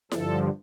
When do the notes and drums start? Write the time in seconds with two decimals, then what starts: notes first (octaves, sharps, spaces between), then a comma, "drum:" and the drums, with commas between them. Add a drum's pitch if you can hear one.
0.11 G2 D3 F3 A4, drum: snare E4